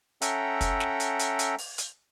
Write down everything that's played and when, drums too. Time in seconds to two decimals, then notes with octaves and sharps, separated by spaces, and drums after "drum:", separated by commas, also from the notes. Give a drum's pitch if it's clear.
0.22 C#4 A4 E5 F#5 G5 A#5, drum: hi-hat
0.61 drum: kick, hi-hat
0.80 drum: snare
1.00 drum: hi-hat
1.19 drum: hi-hat
1.39 drum: hi-hat
1.58 drum: open hi-hat
1.78 drum: hi-hat